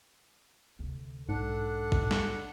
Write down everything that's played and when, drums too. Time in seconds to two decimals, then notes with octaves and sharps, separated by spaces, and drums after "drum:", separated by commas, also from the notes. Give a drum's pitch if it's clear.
0.79 D2 C3
1.29 B1 G#2 G3 D4 A4 F#5
1.92 drum: kick
2.11 drum: snare